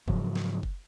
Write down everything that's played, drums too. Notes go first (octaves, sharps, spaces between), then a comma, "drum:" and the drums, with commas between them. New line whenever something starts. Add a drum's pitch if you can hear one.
G#2 C#3 F3 F#3, drum: kick F#1
drum: snare
drum: kick F#1